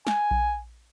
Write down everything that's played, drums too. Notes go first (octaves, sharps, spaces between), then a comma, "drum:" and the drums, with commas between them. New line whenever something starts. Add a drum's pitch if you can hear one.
G#5, drum: snare
drum: kick A#1